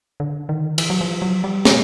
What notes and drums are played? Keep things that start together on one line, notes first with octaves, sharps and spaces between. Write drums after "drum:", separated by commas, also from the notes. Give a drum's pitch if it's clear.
D3
D#3
E3, drum: cymbal
F#3
F3
F#3
G3
G#3, drum: snare